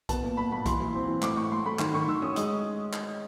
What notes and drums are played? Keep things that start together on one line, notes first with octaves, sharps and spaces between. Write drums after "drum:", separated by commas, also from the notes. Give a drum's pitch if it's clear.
B3 A5, drum: kick A#1, hi-hat
A#2
A#2 B5
A#2 B5
E3 C6, drum: kick A#1, hi-hat
E3
C4
E3
A2 D6, drum: clap
A2 C#6
A2 C6
A3 B5
D#3 C6, drum: clap
D#3 C#6
D#3 E6
C#4 D#6
G#3 D#6, drum: hi-hat
drum: clap